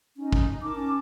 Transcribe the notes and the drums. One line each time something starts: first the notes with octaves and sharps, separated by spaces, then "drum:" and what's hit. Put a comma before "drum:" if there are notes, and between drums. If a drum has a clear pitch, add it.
C#4 D#4
drum: kick
D#4 A#4 A5 D6
C#4